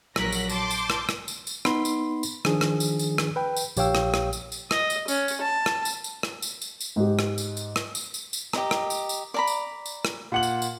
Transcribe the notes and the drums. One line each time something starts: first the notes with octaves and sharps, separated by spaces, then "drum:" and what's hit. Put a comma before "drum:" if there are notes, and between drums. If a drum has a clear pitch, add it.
A#1 F#3 A#4 F#6 A#6 B6, drum: rim click
drum: tambourine
A5 C6 D6 G6, drum: tambourine
drum: tambourine
drum: rim click
drum: rim click
drum: tambourine
drum: tambourine
B3 D#4 B5 C6, drum: rim click
drum: tambourine
drum: tambourine
D#3 F3 D4 G#4, drum: rim click
drum: rim click
drum: tambourine
drum: tambourine
drum: rim click
B4 G5
drum: tambourine
A#1 G4 C#5 F5 G5 E6, drum: tambourine
drum: rim click
drum: rim click
drum: tambourine
drum: tambourine
D#5, drum: rim click
drum: tambourine
C#4, drum: tambourine
drum: tambourine
A5
drum: rim click
drum: tambourine
drum: tambourine
drum: rim click
drum: tambourine
drum: tambourine
drum: tambourine
G#2 G4
drum: rim click
drum: tambourine
drum: tambourine
drum: rim click
drum: tambourine
drum: tambourine
drum: tambourine
G4 D#5 A#5, drum: rim click
drum: rim click
drum: tambourine
drum: tambourine
D5 A#5 B5
drum: tambourine
drum: tambourine
drum: rim click
A#2 F#5 F#7
drum: tambourine
drum: tambourine